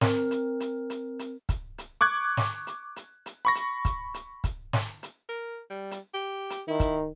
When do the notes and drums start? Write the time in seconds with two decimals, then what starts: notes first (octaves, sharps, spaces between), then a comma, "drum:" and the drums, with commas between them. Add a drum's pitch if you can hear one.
0.01 C4 A#4, drum: snare
0.31 drum: hi-hat
0.60 drum: hi-hat
0.90 drum: hi-hat
1.19 drum: hi-hat
1.49 drum: kick, hi-hat
1.78 drum: hi-hat
2.01 C#6 D6 F#6 G#6
2.37 drum: snare
2.67 drum: hi-hat
2.96 drum: hi-hat
3.26 drum: hi-hat
3.45 B5 C#6 A#6
3.55 drum: hi-hat
3.85 drum: kick, hi-hat
4.14 drum: hi-hat
4.44 drum: kick, hi-hat
4.73 drum: snare
5.03 drum: hi-hat
5.29 A#4
5.70 G3
5.91 drum: hi-hat
6.14 G4
6.50 drum: hi-hat
6.68 D#3 E4
6.80 drum: kick, hi-hat